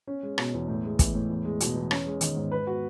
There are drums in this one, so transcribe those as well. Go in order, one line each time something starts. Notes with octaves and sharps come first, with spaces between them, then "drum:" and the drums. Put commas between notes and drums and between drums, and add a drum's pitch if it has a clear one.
C#4
G#3
B2, drum: rim click
E2
A2
G#3
E3, drum: kick, hi-hat
A2
E2
G#3
B2, drum: hi-hat
E2
C#4, drum: rim click
G#3
D#3, drum: hi-hat
G#2
B4
F#4